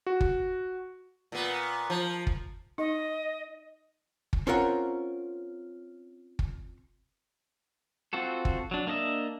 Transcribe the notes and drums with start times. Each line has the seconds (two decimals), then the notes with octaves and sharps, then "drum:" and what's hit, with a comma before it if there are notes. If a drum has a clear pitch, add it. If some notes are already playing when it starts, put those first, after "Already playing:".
0.07 F#4
0.21 drum: kick
1.32 A#2 B3
1.90 F3
2.27 drum: kick
2.78 D#4 D#5
4.33 drum: kick
4.47 C4 C#4 F4 A#4 F#5
6.39 drum: kick
8.13 C4 F4 F#4 A4
8.45 drum: kick
8.71 F#3 D4
8.87 A#3 D4 D#5 E5